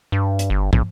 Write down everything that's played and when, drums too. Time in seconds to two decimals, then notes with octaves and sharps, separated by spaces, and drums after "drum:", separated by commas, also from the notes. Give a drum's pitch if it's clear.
0.12 G2
0.39 drum: hi-hat
0.50 G1
0.73 A#1, drum: tom